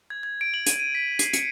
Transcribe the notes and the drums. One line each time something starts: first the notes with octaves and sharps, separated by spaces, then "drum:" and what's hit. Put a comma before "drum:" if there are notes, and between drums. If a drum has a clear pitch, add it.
G#6
G#6
D7
F#7
D#7, drum: hi-hat
D#7
B6
C7, drum: hi-hat
C#7, drum: hi-hat